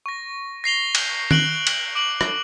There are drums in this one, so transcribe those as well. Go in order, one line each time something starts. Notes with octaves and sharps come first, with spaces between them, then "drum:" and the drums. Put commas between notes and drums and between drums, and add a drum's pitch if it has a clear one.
C#6 A#6
A#6 C7 F7 G7
drum: cymbal
F#6 D7 F#7 G7, drum: tom
drum: cymbal
D6 D7 F#7
drum: rim click